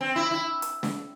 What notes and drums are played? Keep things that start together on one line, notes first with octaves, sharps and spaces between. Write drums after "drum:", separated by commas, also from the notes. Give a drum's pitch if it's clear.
C4
E4
E4
drum: hi-hat
drum: snare